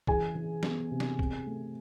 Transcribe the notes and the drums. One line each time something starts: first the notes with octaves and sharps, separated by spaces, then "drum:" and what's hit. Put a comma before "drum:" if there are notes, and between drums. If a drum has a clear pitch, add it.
E3 G#4 G#5, drum: kick
E3
B3, drum: snare
C3
drum: snare
C3, drum: kick
A3